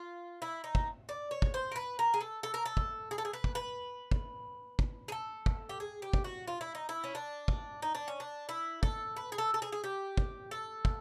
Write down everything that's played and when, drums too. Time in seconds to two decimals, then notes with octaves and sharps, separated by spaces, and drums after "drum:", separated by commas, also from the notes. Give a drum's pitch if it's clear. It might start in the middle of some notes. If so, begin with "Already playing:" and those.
Already playing: F4
0.42 E4
0.64 D#4
0.75 drum: kick
1.09 D5
1.31 C#5
1.42 drum: kick
1.54 C5
1.71 A#4
1.76 B4
1.99 A#4
2.14 G#4
2.21 A4
2.43 A4
2.54 A#4
2.66 A4
2.77 drum: kick
3.11 G#4
3.18 A4
3.25 G#4
3.33 B4
3.44 drum: kick
3.55 B4
4.11 drum: kick
4.79 drum: kick
5.08 G#4
5.12 A4
5.46 drum: kick
5.69 G4
5.80 G#4
6.02 G4
6.13 drum: kick
6.24 F#4
6.47 F4
6.61 E4
6.75 D#4
6.89 E4
7.04 C#4
7.15 D4
7.48 drum: kick
7.82 D#4
7.95 D4
8.08 C#4
8.20 D4
8.49 E4
8.83 A4, drum: kick
9.17 B4
9.32 G#4
9.38 A4
9.54 A4
9.62 G#4
9.72 G#4
9.84 G4
10.17 drum: kick
10.51 A4
10.85 drum: kick